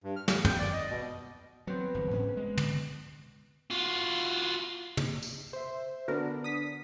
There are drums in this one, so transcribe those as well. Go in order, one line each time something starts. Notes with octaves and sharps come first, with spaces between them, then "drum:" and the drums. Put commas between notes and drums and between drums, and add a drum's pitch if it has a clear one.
G2
F6
F5, drum: snare
G5, drum: tom
D5
D#5
B2
F#3 B3 C4
G1 E2
G#2 C#4
G#3
drum: tom
F4 F#4
drum: tom
drum: tambourine
C5 E5
D3 B3 D4 F#4 A#4
D#6 B6